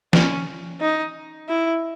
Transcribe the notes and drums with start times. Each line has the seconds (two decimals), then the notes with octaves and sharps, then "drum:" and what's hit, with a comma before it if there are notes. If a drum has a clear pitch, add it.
0.13 C#4, drum: snare
0.80 D#4
1.49 E4